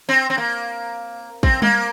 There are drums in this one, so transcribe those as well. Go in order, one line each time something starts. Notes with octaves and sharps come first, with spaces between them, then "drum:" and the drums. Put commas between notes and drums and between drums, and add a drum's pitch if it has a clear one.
C4
C4
A#3
C4, drum: kick
A#3, drum: tom G3